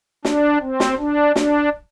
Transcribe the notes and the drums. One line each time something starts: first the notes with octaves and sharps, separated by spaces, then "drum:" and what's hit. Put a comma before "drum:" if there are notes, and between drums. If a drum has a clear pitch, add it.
D4, drum: snare
C4
drum: snare
D4
D4, drum: snare